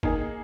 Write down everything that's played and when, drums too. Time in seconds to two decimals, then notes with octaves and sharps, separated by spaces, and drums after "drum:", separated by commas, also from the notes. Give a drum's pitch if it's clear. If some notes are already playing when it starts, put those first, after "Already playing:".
0.03 A#3 D#4 G#4, drum: kick G1